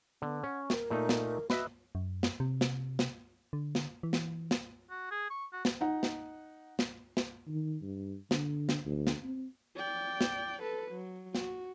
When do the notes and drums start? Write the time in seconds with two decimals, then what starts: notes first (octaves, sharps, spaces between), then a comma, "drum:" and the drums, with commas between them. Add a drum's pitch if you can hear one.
0.22 D3 B3
0.43 C#4 F#5
0.70 A#4, drum: snare
0.90 A#2 A3 D#4
1.09 drum: snare
1.50 F#4 B4 D#5 E5, drum: snare
1.95 F#2
2.23 drum: snare
2.40 C3
2.61 drum: snare
2.99 drum: snare
3.53 D3
3.75 drum: snare
4.03 E3
4.13 drum: snare
4.51 drum: snare
4.90 F#4
5.10 G#4
5.30 C#6
5.53 F#4
5.65 drum: snare
5.81 D#4 F#5
6.03 drum: snare
6.79 drum: snare
7.17 drum: snare
7.47 D#3
7.82 G2
8.31 D3, drum: snare
8.69 drum: snare
8.85 D2
9.07 drum: snare
9.23 C4
9.77 D5 G5
10.21 drum: snare
10.62 A4 B4
10.92 F#3
11.35 F#4, drum: snare